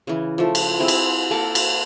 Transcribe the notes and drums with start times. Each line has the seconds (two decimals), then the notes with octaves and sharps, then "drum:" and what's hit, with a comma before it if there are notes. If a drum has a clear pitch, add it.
0.07 C#3 E3
0.38 F3 A3
0.55 drum: cymbal
0.79 C4 E4 G#4
0.88 drum: cymbal
1.31 A#3 A4 A#4 A5
1.55 drum: cymbal